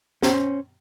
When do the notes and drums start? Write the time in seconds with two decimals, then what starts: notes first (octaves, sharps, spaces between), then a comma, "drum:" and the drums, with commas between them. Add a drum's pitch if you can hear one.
0.22 C#4 C5, drum: snare